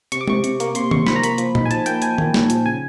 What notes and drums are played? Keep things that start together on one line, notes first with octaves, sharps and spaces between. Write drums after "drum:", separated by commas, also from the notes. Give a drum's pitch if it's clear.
C3 C#6, drum: hi-hat
D6
C3 C#6, drum: tom
C3, drum: hi-hat
A#3, drum: hi-hat
C3 C6, drum: hi-hat
C3 C#6, drum: tom
F3 B5, drum: snare
A#5
A#3 B5, drum: hi-hat
F3, drum: hi-hat
D#4, drum: tom A#2
G#5
F3 A5, drum: hi-hat
A#3 G5, drum: hi-hat
F3 G#5, drum: hi-hat
A#3, drum: tom
A#2, drum: snare
F3, drum: hi-hat
C#3 G#5